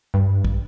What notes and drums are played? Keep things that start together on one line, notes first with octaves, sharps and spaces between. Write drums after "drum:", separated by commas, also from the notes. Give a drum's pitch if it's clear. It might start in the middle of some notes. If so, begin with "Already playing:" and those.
G2
drum: kick